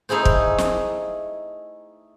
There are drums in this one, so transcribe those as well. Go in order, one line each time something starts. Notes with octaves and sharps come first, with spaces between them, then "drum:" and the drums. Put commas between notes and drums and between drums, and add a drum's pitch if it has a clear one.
A3 D#4 E4 G#4 C5
drum: kick
drum: snare